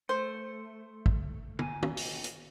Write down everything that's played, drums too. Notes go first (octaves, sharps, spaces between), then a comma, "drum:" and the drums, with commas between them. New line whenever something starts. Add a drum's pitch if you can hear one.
A3 C5
drum: kick
A#2 G#5, drum: tom
drum: tom
drum: open hi-hat
drum: hi-hat